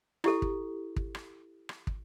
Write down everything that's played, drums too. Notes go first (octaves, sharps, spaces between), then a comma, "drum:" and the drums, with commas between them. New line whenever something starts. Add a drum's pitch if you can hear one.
E4 G4 A4, drum: rim click
drum: kick
drum: kick
drum: rim click
drum: rim click
drum: kick